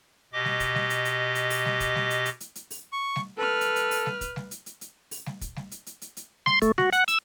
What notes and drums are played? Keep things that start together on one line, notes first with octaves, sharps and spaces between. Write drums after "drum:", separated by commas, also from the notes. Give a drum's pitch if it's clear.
B2 G4 D#5 D6
drum: snare G3
drum: kick, hi-hat
drum: snare G3
drum: hi-hat
drum: hi-hat
drum: hi-hat
drum: open hi-hat
drum: snare G3
drum: kick, hi-hat
drum: snare G3
drum: hi-hat
drum: hi-hat
drum: hi-hat
drum: hi-hat
drum: open hi-hat
C#6
drum: snare G3
A4 B4 F6
drum: hi-hat
drum: hi-hat
drum: open hi-hat
drum: snare G3
drum: kick, hi-hat
drum: snare G3
drum: hi-hat
drum: hi-hat
drum: hi-hat
drum: open hi-hat
drum: snare G3
drum: kick, hi-hat
drum: snare G3
drum: hi-hat
drum: hi-hat
drum: hi-hat
drum: hi-hat
C6, drum: snare G3
A3, drum: kick, hi-hat
F#4, drum: snare G3
F#5, drum: hi-hat
E6, drum: hi-hat